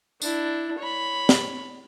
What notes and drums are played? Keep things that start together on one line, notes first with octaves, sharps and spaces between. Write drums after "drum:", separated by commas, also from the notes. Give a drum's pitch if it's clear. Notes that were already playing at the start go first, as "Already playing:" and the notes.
D4 E4, drum: tambourine
C#5 B5
drum: snare